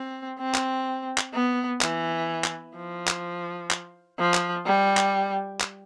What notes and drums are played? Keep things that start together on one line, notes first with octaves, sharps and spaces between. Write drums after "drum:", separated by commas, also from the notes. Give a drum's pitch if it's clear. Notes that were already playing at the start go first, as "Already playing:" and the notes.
Already playing: C4
C4
drum: clap
drum: clap
B3
E3, drum: clap
drum: clap
F3
drum: clap
drum: clap
F3
drum: clap
G3
drum: clap
drum: clap